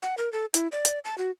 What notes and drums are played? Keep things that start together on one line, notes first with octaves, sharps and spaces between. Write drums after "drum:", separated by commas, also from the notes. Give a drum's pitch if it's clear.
F#5
A#4
A4
E4, drum: hi-hat
D5
drum: hi-hat
A5
F#4